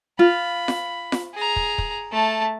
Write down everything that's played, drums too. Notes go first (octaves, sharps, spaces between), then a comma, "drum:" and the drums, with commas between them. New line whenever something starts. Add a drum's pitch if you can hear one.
F4 B5
drum: snare F4
drum: snare F4
G#4 A#5
drum: kick
drum: kick
A3 A5